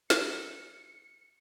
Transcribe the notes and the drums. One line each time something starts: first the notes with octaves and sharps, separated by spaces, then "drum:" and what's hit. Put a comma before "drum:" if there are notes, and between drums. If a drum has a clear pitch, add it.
C#7, drum: snare